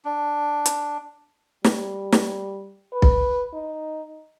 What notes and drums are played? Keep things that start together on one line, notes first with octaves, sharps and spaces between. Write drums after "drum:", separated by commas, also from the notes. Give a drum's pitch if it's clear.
D4
drum: hi-hat
G3, drum: snare
drum: snare
B4
drum: kick B1
D#4